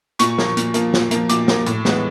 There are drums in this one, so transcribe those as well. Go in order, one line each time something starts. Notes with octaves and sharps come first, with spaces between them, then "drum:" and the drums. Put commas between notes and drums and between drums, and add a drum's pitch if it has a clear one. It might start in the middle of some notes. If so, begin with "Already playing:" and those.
A#2 C#6, drum: hi-hat
F3 A#3, drum: snare
A#2, drum: hi-hat
F3 A#3, drum: hi-hat
A#2, drum: snare
F3 A#3, drum: hi-hat
A#2 D6, drum: hi-hat
F3 A#3, drum: snare
A2, drum: hi-hat
E3 G#3 B3, drum: snare